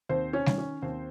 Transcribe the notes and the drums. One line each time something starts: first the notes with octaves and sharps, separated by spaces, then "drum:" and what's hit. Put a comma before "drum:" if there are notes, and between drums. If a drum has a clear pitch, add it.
D#2 C4 C5
C#4 C#5
D#3, drum: snare G3
C#4 C#5
D#2 C4 C5